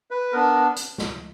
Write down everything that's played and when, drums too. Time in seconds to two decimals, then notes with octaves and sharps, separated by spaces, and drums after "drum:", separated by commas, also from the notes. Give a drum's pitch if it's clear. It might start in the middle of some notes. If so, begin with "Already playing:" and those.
0.11 B4
0.32 B3 D4 A#4
0.76 drum: hi-hat
0.98 drum: snare